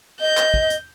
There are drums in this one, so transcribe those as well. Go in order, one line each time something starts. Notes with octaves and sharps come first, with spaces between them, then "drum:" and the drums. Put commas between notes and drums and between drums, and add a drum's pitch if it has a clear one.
D#5 G6
drum: clap
drum: kick
drum: hi-hat